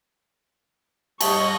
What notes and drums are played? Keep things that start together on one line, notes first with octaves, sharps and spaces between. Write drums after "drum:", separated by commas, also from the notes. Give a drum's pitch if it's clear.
G2 D#5 E5 A5 C#6, drum: cymbal